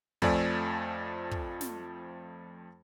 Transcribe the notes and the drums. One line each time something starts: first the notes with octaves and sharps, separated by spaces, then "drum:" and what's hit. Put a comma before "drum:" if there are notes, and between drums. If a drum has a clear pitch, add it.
F2 F3 A3 D5 G#5, drum: kick
drum: kick
drum: snare